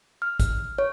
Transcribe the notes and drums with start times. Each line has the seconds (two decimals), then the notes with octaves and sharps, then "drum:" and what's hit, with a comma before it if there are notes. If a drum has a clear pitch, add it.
0.22 F6
0.40 drum: kick, hi-hat
0.78 C#5